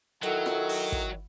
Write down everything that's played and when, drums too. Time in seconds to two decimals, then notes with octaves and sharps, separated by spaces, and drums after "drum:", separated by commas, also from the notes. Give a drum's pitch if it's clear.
0.23 D#3 F#3 E4 F#4 A4, drum: hi-hat
0.46 drum: snare F4
0.69 drum: open hi-hat
0.92 drum: kick